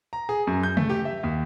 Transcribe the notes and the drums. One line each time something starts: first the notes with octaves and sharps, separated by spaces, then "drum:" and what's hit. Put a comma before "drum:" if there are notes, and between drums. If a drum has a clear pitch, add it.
A#5
G#4
F#2
G6
A3, drum: tom C3
G4
E5
D#2